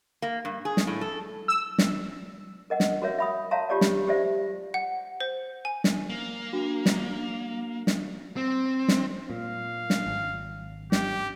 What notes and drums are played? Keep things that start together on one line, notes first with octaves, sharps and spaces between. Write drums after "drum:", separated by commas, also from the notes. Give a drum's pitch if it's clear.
A#3
G2
G#4
drum: snare
A2
A4
E6
drum: snare
A#4 D#5 F#5
drum: snare
F#4 A#4 C#5 E5
E5 B5 D#6
C#5 E5 F5 A5 A#5 C6
F4 G4 C#5 D5 F5
drum: snare
G4 C5 D5 E5
F#5
C5
G#5
drum: snare
A#3
D4 F#4
drum: snare
drum: snare
C4
drum: snare
A#2 F5
drum: snare
G#1
G4, drum: snare